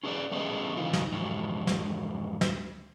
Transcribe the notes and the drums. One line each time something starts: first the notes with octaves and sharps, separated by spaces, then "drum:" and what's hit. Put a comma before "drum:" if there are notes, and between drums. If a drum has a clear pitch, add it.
C#4 G#4 A4 B4 D5
G3 A3 B3 C#4 G#4 D#5
C#3 E3 D#4 F4
drum: snare
F2 G#2 E3 F#3 G3
drum: snare
drum: snare